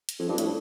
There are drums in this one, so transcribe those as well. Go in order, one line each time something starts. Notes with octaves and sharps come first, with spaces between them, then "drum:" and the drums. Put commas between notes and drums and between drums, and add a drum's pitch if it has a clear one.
drum: hi-hat
F2
G2
A2, drum: hi-hat